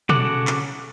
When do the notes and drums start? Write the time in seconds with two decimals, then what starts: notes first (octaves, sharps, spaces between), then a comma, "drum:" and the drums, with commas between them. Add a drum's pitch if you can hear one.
0.09 C#3 F#4 A4 D6 F#6, drum: tom B2
0.47 drum: clap